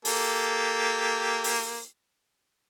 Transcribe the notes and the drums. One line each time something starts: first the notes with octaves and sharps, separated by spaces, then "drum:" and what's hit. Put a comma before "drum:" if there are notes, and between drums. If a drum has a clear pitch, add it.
A#3 G4 A4, drum: open hi-hat
drum: open hi-hat